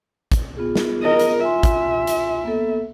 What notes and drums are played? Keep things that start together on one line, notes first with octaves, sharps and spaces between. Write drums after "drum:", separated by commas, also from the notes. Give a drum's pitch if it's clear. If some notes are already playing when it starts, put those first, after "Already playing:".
drum: kick, hi-hat
B3 F4 G#4
drum: snare
A#4 D#5
drum: hi-hat
F4 E5 G#5 C6
drum: kick, hi-hat
drum: hi-hat
A#3 B3 A4